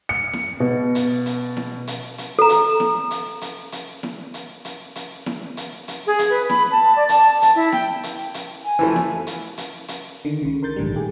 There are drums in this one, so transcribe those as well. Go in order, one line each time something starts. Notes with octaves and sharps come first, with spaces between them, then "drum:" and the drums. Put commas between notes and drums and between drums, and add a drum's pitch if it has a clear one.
C#7
drum: snare E4
B2
drum: hi-hat
drum: hi-hat
drum: snare E4
drum: hi-hat
drum: hi-hat
A4 A#5
drum: hi-hat
drum: snare E4
drum: hi-hat
drum: hi-hat
drum: hi-hat
drum: snare E4
drum: hi-hat
drum: hi-hat
drum: hi-hat
drum: snare E4
drum: hi-hat
drum: hi-hat
G#4
drum: hi-hat
B4
B5, drum: snare E4
A5
D5
A5, drum: hi-hat
A5
drum: hi-hat
E4
G5, drum: snare E4
drum: hi-hat
drum: hi-hat
G#5
E3 F3 A3
drum: snare E4
drum: hi-hat
drum: hi-hat
drum: hi-hat
D3 D#3
C#2 C#3
A#4 C6 G6 A6
A#1 G#2 D3 D#3 G3
A3 G4 G#4